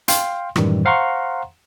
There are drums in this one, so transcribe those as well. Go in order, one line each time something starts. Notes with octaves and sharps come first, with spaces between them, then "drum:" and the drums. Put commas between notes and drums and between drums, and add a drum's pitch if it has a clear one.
F5 G5 C6, drum: hi-hat
F#2 A2 D#3 E3 G3, drum: rim click
C5 F5 F#5 A#5 C6 C#6